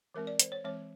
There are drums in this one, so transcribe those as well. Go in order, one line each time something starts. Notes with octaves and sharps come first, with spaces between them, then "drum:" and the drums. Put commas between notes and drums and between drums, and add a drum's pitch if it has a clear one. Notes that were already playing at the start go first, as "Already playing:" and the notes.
E3 G#3 C4 A#4
D5
C5, drum: hi-hat
C#5
E3 G#3 C4 C#5